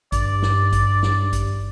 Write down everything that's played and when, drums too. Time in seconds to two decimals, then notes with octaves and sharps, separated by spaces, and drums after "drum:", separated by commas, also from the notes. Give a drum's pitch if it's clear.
0.12 G2 D5, drum: kick A1, hi-hat
0.42 drum: snare
0.72 drum: kick A1, hi-hat
1.03 drum: snare
1.33 drum: kick A1, hi-hat